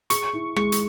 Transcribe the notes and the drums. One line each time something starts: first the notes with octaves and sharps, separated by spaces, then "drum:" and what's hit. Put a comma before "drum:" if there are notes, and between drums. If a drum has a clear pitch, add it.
G#4 C#6, drum: hi-hat
E4
G#3 C#6, drum: rim click
drum: hi-hat